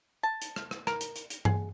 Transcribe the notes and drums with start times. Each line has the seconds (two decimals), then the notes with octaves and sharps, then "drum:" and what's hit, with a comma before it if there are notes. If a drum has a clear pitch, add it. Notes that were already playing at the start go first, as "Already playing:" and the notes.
0.23 A5
0.42 drum: hi-hat
0.56 drum: rim click
0.71 drum: rim click
0.87 A#4, drum: rim click
1.01 drum: hi-hat
1.16 drum: hi-hat
1.30 drum: hi-hat
1.45 G#4, drum: tom G2